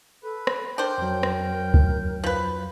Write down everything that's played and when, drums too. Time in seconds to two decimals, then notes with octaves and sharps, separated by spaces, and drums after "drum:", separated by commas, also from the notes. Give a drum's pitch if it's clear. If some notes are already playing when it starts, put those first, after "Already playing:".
0.24 A4 B4
0.47 drum: rim click
0.78 D4 A#4 C5 G5
0.98 F2 F#3 A#4
1.23 drum: rim click
1.74 drum: kick C#2
2.24 F3 B4